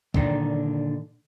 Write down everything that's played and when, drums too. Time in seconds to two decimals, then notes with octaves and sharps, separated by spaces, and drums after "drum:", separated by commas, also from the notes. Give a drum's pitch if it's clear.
0.14 A#2 D3 D#3 D#4, drum: kick